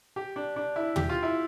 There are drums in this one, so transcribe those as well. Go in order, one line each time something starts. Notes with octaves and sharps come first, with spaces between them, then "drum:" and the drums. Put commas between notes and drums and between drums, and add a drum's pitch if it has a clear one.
G4
D4
D4
E4
G4, drum: tom
F4
E4